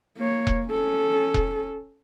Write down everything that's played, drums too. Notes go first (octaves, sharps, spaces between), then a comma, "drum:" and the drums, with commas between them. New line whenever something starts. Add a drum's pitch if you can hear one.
A#3 C#5
drum: kick E1
C#4 A4
drum: kick E1